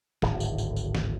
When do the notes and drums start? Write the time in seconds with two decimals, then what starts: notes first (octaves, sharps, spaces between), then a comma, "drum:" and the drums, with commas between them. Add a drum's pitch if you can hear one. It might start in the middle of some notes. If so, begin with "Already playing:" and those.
0.22 D1 G#1 A2, drum: snare
0.40 drum: tambourine
0.58 drum: tambourine
0.76 drum: tambourine
0.95 drum: snare